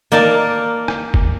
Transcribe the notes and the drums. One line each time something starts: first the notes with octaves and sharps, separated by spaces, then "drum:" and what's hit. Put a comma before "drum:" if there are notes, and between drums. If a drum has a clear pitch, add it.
A#3 D#4 D5 A5
drum: rim click
drum: kick F#1